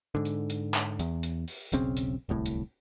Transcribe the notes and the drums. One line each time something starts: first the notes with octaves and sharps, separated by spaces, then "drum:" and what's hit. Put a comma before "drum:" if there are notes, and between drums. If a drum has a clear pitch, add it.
G#2 D3
drum: hi-hat
drum: hi-hat
drum: clap
E2, drum: hi-hat
drum: hi-hat
drum: open hi-hat
E1 B1 C#3 C4, drum: hi-hat
drum: hi-hat
D1 C2 A2
drum: hi-hat